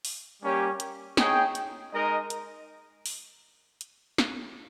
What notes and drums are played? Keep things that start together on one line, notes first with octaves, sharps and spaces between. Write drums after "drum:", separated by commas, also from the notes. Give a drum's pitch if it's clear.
drum: open hi-hat
G3 A#3 C#4 G4 C#5
drum: hi-hat
D#4 G#4 C#5 G5, drum: snare
drum: hi-hat
G#3 D#4 A#4 D#5
drum: hi-hat
drum: open hi-hat
drum: hi-hat
drum: snare